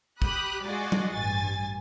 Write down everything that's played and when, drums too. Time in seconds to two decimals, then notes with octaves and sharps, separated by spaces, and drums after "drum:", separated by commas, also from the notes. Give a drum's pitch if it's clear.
0.22 G4 B5 D#6 F#6, drum: kick
0.65 G#3 F4 F#4 G#4 D5 D#5
0.92 drum: tom F#3
1.15 A1 G2 G#5 A6